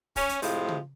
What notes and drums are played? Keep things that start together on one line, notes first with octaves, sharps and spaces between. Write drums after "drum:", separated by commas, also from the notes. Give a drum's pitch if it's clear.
C#4, drum: kick, open hi-hat
drum: hi-hat
A2 C3 F3 G#3, drum: open hi-hat
drum: tom